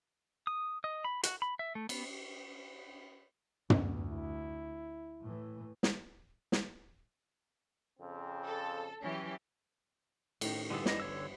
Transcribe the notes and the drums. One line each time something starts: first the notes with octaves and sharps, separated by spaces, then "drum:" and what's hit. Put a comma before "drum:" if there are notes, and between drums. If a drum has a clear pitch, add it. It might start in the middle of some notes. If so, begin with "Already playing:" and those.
D#6
D#5
B5
F#4, drum: hi-hat
B5
E5
A3
B3, drum: cymbal
D2 B3, drum: tom
E4
A2 E3
drum: snare
drum: snare
F2 C#3 C4
A4
E3 F#3 C#4 G4
A2 D#3, drum: cymbal
G2 D3 E3 B3 G#4 A4
D4 E4 D#5, drum: snare
D3 C#5 E6